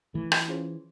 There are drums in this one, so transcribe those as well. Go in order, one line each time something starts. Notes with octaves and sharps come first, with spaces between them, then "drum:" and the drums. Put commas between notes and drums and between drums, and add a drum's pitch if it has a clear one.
E3 A3
drum: rim click
C#4 F4 G#4 C5